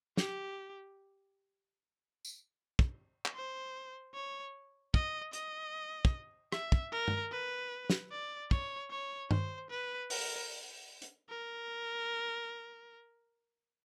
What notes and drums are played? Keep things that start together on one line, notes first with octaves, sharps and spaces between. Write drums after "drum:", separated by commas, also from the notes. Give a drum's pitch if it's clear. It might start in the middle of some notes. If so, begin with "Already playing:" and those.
G4, drum: snare
drum: tambourine
drum: kick
drum: clap
C5
C#5
D#5, drum: kick
D#5, drum: hi-hat
drum: kick
E5, drum: rim click
drum: kick
A#4
drum: tom G2
B4
drum: snare
D5
C#5, drum: kick
C#5
C5, drum: tom G2
B4
A#4, drum: open hi-hat
drum: hi-hat
A#4